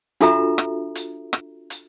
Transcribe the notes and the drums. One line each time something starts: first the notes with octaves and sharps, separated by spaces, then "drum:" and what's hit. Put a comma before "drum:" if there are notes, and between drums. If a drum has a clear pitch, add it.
D4 F4 F#4 A4 E5 A#5, drum: hi-hat
drum: rim click
drum: hi-hat
drum: rim click
drum: hi-hat